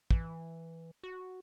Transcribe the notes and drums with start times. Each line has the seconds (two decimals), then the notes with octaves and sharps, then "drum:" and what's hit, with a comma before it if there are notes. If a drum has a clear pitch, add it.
0.11 E3, drum: kick
1.03 F#4